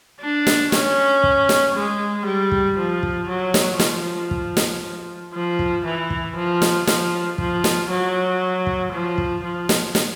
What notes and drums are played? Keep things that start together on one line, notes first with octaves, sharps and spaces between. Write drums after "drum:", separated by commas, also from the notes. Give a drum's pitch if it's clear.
D4
drum: snare
C#4, drum: snare
drum: kick
drum: snare
G#3
G3
drum: kick
F3
drum: kick
F#3
drum: snare
F3, drum: snare
drum: kick
drum: snare
F3
drum: kick
E3
drum: kick
F3
drum: snare
F3, drum: snare
F3, drum: kick
drum: snare
F#3
drum: kick
F3
drum: kick
F3
drum: snare
drum: snare